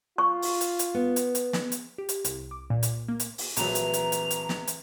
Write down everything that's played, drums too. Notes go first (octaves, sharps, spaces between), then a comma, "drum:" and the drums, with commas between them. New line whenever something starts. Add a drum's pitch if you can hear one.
F4 C#6
drum: open hi-hat
drum: hi-hat
drum: hi-hat
B3
drum: hi-hat
drum: hi-hat
drum: snare
drum: hi-hat
G4
drum: hi-hat
C2, drum: hi-hat
D6
A#2
drum: hi-hat
A#3
drum: hi-hat
drum: open hi-hat
A#1 E3 F#3 A3 C4 A#5, drum: hi-hat
drum: hi-hat
drum: hi-hat
drum: hi-hat
drum: hi-hat
drum: snare
drum: hi-hat